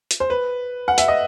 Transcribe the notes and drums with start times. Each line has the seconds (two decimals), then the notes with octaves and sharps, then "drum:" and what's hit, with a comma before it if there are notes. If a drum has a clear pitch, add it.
0.11 drum: hi-hat
0.20 C5
0.30 B4
0.88 F#5
0.98 E5, drum: hi-hat
1.08 D#5